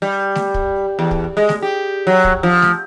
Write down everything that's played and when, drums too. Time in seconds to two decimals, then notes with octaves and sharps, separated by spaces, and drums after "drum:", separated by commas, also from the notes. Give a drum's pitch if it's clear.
0.02 G3
0.35 drum: snare A3
0.54 drum: kick
0.99 E2
1.11 drum: kick
1.37 G#3
1.49 drum: snare A3
1.62 G4
2.07 F#3
2.24 drum: kick
2.43 F3
2.62 drum: snare A3